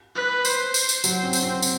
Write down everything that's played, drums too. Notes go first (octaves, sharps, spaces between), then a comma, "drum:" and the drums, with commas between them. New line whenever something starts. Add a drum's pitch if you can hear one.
B4
C5, drum: tambourine
drum: tambourine
drum: tambourine
F#3, drum: tambourine
C4
drum: tambourine
C4
drum: tambourine